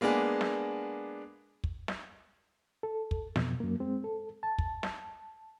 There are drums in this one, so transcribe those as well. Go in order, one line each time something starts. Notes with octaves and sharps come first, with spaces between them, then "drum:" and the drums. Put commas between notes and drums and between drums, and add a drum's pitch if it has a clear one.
G#3 A#3 B3 D4 G#4
drum: snare
drum: kick
drum: snare
A4
drum: kick
F2 B2, drum: snare
F#2 A#3
G#3 C4
A4
A5
drum: kick
drum: snare